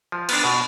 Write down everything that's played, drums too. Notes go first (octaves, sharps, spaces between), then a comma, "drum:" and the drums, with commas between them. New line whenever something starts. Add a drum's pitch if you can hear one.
F3
B3 D4, drum: cymbal
B2